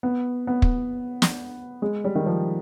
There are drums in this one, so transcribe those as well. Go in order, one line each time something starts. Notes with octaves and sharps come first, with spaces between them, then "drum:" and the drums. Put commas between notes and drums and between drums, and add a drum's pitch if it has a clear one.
B3
B3
drum: kick
drum: snare
G#3
G3
D#3
F3